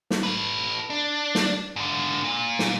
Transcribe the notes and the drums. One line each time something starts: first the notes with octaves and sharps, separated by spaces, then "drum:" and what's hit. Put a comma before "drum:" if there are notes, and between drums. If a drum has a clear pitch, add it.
drum: snare
A4 B4
D4
drum: snare
G#2 D3
A#2
drum: snare